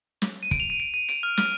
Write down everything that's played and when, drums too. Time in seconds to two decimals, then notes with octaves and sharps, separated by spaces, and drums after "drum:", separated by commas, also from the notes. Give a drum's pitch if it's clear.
0.22 drum: snare
0.43 D#7
0.51 D7, drum: kick, hi-hat
0.60 F7
0.70 D#7
0.80 D7
0.94 D#7
1.09 D7, drum: hi-hat
1.23 F6
1.37 F6, drum: snare